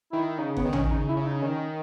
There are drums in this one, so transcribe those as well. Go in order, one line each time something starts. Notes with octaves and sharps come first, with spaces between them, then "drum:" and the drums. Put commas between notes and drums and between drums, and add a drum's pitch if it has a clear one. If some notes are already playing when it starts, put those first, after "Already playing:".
D#3 E4
C#3 D#4
B3, drum: kick F#1
D#3
C#4, drum: tom
C#3 D#4
E4
C#3
D#4
D#3 C#4